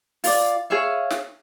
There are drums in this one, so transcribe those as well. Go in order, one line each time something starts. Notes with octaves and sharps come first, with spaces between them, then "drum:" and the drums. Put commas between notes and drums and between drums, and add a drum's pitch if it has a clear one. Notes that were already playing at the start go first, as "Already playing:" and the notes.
F4 D5, drum: open hi-hat
G#4 C#5 E5 F5
drum: snare